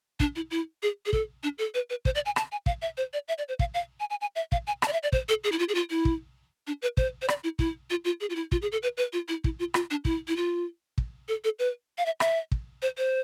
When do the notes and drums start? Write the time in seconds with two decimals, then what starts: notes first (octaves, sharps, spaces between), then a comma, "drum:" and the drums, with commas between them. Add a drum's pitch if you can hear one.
0.20 D4, drum: kick
0.36 E4
0.51 E4
0.83 G#4
1.06 G#4
1.13 A4, drum: kick
1.43 D4
1.58 A4
1.74 B4
1.90 B4
2.05 C5, drum: kick
2.15 D5
2.26 G#5
2.36 A5, drum: rim click
2.52 G#5
2.66 F5, drum: kick
2.82 E5
2.97 C5
3.13 D5
3.28 E5
3.38 D5
3.48 C5
3.59 F5, drum: kick
3.74 F5
4.00 G#5
4.10 G#5
4.21 G#5
4.36 E5
4.52 F5, drum: kick
4.67 G#5
4.82 A5, drum: rim click
4.88 D5
4.93 E5
5.03 D5
5.12 C5, drum: kick
5.29 A4
5.44 G#4
5.52 E4
5.59 F4
5.69 G#4
5.75 F4
5.90 E4
6.05 drum: kick
6.67 D4
6.82 B4
6.97 C5, drum: kick
7.22 C5
7.28 D5, drum: rim click
7.44 E4
7.59 E4, drum: kick
7.90 F4
8.05 F4
8.21 G#4
8.30 F4
8.36 E4
8.52 F4, drum: kick
8.62 G#4
8.72 A4
8.83 B4
8.97 B4
9.13 F4
9.28 E4
9.44 E4, drum: kick
9.59 F4
9.74 F4, drum: rim click
9.91 D4
10.05 E4, drum: kick
10.28 E4
10.37 F4
10.98 drum: kick
11.28 A4
11.44 A4
11.59 B4
11.98 F5
12.06 E5
12.20 E5, drum: rim click
12.52 drum: kick
12.82 C5
12.98 C5